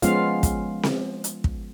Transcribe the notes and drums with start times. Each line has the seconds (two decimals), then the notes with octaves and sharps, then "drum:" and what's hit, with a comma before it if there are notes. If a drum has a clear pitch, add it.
0.02 F3 G#3 B3 C#4 F4 F5, drum: hi-hat
0.43 drum: kick, hi-hat
0.83 drum: snare C4
1.24 drum: hi-hat
1.44 drum: kick